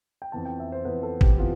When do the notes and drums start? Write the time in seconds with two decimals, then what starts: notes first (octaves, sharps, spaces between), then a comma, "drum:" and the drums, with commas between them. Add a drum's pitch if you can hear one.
0.22 G5
0.32 F2 E3 B3 A5
0.45 G5
0.60 E5
0.72 C5
0.85 F2 E3 B3 B4
1.03 A4
1.21 G4, drum: kick
1.38 E3 B3 F4